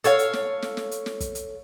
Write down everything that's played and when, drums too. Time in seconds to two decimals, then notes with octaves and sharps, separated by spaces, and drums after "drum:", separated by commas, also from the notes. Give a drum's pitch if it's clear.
0.04 A4 C#5 F5, drum: hi-hat
0.19 drum: hi-hat
0.33 drum: snare
0.62 drum: snare
0.77 drum: snare
0.91 drum: hi-hat
1.06 drum: snare
1.20 drum: kick, hi-hat
1.35 drum: hi-hat